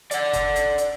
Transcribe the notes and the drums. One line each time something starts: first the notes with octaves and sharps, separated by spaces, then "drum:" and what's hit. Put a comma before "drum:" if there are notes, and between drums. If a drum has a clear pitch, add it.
D5 F#5, drum: hi-hat
drum: kick F#1, hi-hat
drum: hi-hat
drum: hi-hat